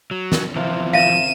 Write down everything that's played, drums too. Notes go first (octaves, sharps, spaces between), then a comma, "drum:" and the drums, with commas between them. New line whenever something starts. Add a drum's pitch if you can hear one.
F#3
drum: snare
C3 E3 F3 F4
E5 F5 D#7 E7